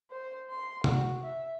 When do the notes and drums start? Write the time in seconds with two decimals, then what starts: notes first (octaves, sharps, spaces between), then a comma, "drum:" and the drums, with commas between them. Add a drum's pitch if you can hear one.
0.11 C5
0.51 C6
0.84 F#4, drum: tom
1.24 E5